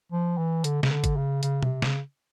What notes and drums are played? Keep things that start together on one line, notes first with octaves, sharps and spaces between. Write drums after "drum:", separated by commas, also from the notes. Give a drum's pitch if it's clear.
F3
E3
D3, drum: hi-hat
C#3, drum: snare
D3
drum: kick, hi-hat
C#3
C#3, drum: hi-hat
C3, drum: tom
C#3, drum: snare